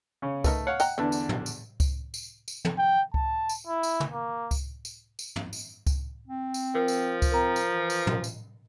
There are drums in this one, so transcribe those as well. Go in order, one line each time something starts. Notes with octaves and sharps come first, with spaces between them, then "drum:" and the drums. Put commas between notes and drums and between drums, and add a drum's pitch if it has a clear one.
C#3 C#4
A3 D#4 A#4 B4, drum: kick C#2, tambourine
C#5 F5 F#5
D#5 F#5 G5 A#5, drum: tambourine
E2 D3 E3 D4 B4
drum: tambourine
drum: tom
drum: tambourine
drum: kick C#2, tambourine
drum: tambourine
drum: tambourine
drum: tom
G5
A5, drum: kick C#2
drum: tambourine
E4
drum: tambourine
drum: tom
A#3
drum: kick C#2, tambourine
drum: tambourine
drum: tambourine
drum: tom
drum: tambourine
drum: kick C#2, tambourine
C4
drum: tambourine
F3 A#4
drum: tambourine
drum: kick C#2, tambourine
C4 A#4 A#5
drum: tambourine
E3
drum: tambourine
drum: tom
drum: tambourine